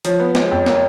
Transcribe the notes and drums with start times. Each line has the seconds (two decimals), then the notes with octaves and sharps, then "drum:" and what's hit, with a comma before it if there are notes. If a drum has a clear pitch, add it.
0.05 F3 C#5, drum: hi-hat
0.20 B3
0.35 G#3 C#5, drum: snare
0.51 F2
0.66 A#3, drum: snare